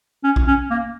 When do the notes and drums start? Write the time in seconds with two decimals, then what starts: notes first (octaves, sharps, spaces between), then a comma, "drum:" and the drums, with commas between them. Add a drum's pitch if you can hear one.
0.24 C#4
0.36 drum: kick A#1
0.47 C#4
0.70 A#3